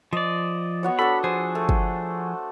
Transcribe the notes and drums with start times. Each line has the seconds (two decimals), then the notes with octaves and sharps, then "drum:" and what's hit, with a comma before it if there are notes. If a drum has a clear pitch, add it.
0.13 F3 D5 D#5
0.83 B3 F#4 C#5
0.99 D4 F#4 A4 B5
1.24 F3 G#4 C5
1.55 A3
1.69 drum: kick